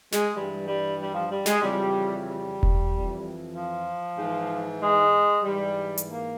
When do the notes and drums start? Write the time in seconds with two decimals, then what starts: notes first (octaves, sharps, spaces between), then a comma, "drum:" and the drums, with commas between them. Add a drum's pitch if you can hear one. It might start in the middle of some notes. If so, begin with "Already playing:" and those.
0.12 G#3, drum: snare
0.33 G2 E3 G3
0.65 G3
0.98 G3
1.13 F3
1.29 G3
1.46 G#3, drum: snare
1.61 F2 C#3 E3 G3
2.25 G3
2.63 drum: kick E1
2.89 F2 E3
3.53 F3
4.17 G#2 E3
4.80 G#3
5.43 G#2 E3 G3
5.98 drum: hi-hat
6.08 A#3